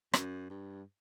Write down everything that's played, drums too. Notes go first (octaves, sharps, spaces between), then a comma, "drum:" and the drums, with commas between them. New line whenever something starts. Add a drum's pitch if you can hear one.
F#2, drum: rim click
G2